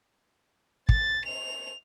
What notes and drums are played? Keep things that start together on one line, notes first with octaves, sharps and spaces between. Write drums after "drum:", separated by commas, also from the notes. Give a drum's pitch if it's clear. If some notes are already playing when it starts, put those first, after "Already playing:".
A6, drum: kick
F7